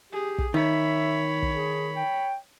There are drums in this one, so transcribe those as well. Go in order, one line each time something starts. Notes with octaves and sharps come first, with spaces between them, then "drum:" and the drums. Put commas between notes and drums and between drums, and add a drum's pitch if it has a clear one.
G4 G#4
drum: kick
D#3 C#5 E5 B5
drum: kick
G#4
G5